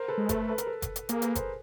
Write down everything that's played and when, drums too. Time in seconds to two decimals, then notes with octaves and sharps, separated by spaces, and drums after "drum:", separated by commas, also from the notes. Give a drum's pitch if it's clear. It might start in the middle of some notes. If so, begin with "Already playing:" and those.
Already playing: A#4 C5
0.08 A4 B4
0.18 G#3
0.29 A3 A4 B4, drum: kick F#1, hi-hat
0.49 B4
0.58 A#4, drum: hi-hat
0.67 A4 B4
0.82 drum: kick F#1, hi-hat
0.96 drum: hi-hat
1.09 A#3 G#4 A#4, drum: hi-hat
1.22 A4 B4, drum: hi-hat
1.35 A#4 C5, drum: kick F#1, hi-hat